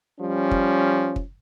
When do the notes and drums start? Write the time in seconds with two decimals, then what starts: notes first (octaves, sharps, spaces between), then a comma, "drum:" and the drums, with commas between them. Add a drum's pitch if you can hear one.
0.19 F3 G3 C#4
0.51 drum: kick
1.16 drum: kick